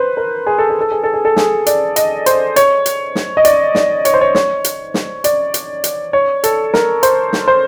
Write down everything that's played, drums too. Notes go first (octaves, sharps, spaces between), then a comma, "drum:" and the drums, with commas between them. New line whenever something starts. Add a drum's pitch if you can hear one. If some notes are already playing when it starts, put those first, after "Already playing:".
Already playing: B4 C5
A#4
G#4
A4
G#4
A4
G#4
A4
G#4
A4
G#4, drum: snare
D5, drum: hi-hat
D#5, drum: hi-hat
C5, drum: hi-hat
C#5, drum: hi-hat
drum: hi-hat
drum: snare
D#5
D5, drum: hi-hat
D5, drum: snare
C#5, drum: hi-hat
C5
C#5
C#5, drum: snare
drum: hi-hat
drum: snare
D5, drum: hi-hat
drum: hi-hat
drum: hi-hat
C#5
A4, drum: hi-hat
A#4, drum: snare
C5, drum: hi-hat
drum: snare
C5